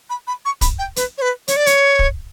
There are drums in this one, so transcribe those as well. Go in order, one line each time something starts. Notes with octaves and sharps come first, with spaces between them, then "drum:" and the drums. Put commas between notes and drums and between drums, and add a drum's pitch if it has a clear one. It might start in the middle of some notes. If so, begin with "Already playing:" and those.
B5
B5
C#6
B5, drum: kick, hi-hat
G5
B4, drum: hi-hat
C#5
B4
C#5, drum: hi-hat
D5
C#5, drum: hi-hat
drum: kick